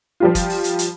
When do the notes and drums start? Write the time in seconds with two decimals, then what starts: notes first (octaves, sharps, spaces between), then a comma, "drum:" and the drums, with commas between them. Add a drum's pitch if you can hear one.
0.20 F3 G3 F4
0.35 drum: kick, hi-hat
0.50 drum: open hi-hat
0.64 drum: hi-hat
0.79 drum: hi-hat